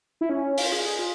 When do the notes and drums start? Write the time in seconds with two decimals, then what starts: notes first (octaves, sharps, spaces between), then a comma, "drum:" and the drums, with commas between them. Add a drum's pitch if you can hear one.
0.21 E4
0.29 C#4
0.58 F4, drum: open hi-hat
0.72 G#4
0.85 G#4
0.99 F4